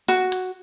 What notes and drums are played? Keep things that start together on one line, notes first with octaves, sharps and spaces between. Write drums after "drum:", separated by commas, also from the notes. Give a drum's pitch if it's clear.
F#4, drum: hi-hat
drum: hi-hat